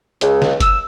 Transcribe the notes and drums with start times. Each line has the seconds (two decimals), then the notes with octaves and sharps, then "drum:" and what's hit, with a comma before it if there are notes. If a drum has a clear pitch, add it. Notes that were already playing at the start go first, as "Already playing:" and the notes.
0.21 C#2, drum: hi-hat
0.42 drum: snare
0.60 E6, drum: kick F#1, hi-hat